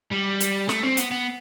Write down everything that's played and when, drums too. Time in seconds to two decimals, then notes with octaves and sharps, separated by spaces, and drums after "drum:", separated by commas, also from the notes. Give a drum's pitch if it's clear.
0.12 G3
0.40 drum: hi-hat
0.69 A3, drum: snare
0.83 C4
0.97 B3, drum: hi-hat
1.11 B3